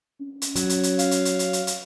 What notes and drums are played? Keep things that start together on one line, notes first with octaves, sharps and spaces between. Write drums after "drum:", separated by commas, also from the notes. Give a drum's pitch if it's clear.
C#4
drum: hi-hat
F#3, drum: hi-hat
drum: hi-hat
drum: hi-hat
F5, drum: hi-hat
drum: hi-hat
drum: hi-hat
drum: hi-hat
drum: hi-hat
drum: hi-hat